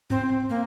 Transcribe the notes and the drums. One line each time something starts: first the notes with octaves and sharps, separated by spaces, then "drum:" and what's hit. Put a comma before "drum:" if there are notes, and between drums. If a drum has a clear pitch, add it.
C4, drum: tom G#2
A#3